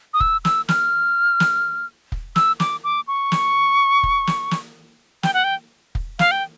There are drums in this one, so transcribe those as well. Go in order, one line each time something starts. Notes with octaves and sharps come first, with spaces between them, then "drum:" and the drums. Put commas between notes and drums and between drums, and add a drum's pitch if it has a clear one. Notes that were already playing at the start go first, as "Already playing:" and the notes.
D#6
E6, drum: kick
E6, drum: snare
F6, drum: snare
drum: snare
drum: kick
E6, drum: snare
D6, drum: snare
D6
C#6
drum: snare
drum: kick
drum: snare
drum: snare
G5, drum: snare
F#5
G5
drum: kick
F5, drum: snare
G5